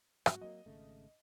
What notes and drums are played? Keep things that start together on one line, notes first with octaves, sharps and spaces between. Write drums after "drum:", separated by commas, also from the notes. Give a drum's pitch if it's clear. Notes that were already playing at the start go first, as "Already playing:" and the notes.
G#2 F#3 F#4, drum: rim click
F#3 A#3 D#5
G#1 C#3 A3